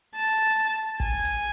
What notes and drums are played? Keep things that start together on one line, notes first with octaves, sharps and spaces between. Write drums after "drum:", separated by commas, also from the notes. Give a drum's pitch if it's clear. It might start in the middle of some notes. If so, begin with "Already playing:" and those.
A5
G#5, drum: kick
drum: hi-hat